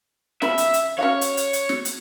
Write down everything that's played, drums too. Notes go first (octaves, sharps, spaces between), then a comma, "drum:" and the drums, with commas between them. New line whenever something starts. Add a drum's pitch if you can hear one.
C#3 F3 E5 B5, drum: snare
drum: hi-hat
drum: hi-hat
C#4 F#4 C#5 F5
drum: hi-hat
drum: hi-hat
drum: hi-hat
drum: snare
drum: hi-hat